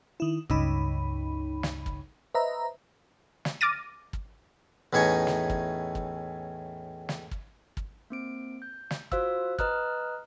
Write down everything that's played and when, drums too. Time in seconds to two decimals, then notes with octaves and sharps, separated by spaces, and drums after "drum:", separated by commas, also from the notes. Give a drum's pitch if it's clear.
0.20 D#3 E4
0.50 C#2 G2 C#3 D#4 B5, drum: kick
1.63 drum: snare
1.86 drum: kick
2.35 B4 C5 D#5 E5 A#5
3.45 drum: snare
3.61 D6 F6 A6 A#6 D#7
4.13 drum: kick
4.93 E2 A2 C#4 D#4 C#5 C#6
5.27 drum: snare
5.50 drum: kick
5.95 drum: kick
7.09 drum: snare
7.31 drum: kick
7.77 drum: kick
8.10 A#3 C4 D7
8.62 G6
8.90 drum: snare
9.12 F4 F#4 C5 F5 E6, drum: kick
9.59 B4 D#5 A#5 D#6 F6 F#6, drum: kick